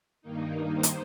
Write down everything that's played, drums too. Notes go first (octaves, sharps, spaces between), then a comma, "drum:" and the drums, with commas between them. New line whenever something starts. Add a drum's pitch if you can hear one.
G2 D#3 A#3 D#4
C5
drum: hi-hat